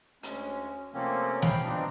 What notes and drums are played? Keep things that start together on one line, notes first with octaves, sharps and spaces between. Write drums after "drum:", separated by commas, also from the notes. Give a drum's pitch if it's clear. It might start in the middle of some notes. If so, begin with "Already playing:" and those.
D2 G#3 C#4, drum: hi-hat
C3 F3 A3 A#3 C4 C#4
F5 G5 B5, drum: snare
G2 B2 F3 C4 D4 D#4